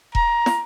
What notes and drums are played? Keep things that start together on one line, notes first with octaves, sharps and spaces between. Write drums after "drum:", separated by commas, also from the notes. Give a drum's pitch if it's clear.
A#5, drum: kick E1
drum: snare